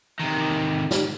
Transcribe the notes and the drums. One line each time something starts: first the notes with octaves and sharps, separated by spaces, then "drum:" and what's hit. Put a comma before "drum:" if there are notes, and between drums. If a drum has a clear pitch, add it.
C3 D#3
drum: snare G4